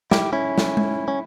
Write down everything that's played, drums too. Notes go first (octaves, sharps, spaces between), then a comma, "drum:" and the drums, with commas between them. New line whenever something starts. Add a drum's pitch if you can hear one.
E4 G4, drum: snare
C#4 E4
drum: snare
drum: tom G#3
C#4